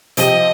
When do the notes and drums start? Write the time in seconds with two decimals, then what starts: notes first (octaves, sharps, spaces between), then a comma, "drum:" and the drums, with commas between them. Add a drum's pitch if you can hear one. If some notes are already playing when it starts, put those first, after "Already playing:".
0.17 C3 F3 C4 G4 D#5, drum: hi-hat